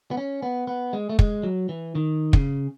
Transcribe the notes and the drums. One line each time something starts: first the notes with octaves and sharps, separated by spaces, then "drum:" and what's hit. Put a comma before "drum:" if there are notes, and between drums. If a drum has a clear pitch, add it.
B3
C#4
B3
B3
G#3
A3
G#3, drum: kick
F#3
E3
D#3
C#3, drum: kick